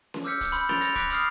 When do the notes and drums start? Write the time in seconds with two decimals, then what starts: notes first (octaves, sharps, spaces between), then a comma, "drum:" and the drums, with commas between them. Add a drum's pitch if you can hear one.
0.14 drum: snare C#4
0.24 D6 E6 F6 G6 B6 C#7
0.41 drum: kick, hi-hat
0.52 B5 C6 G6, drum: hi-hat
0.69 A6 D7 F7 G7, drum: snare C#4
0.81 A#6 C#7 F7, drum: hi-hat
0.96 D6 F#6 A#6 B6 D7, drum: kick, hi-hat
1.10 B5 D#6 F6 C7, drum: hi-hat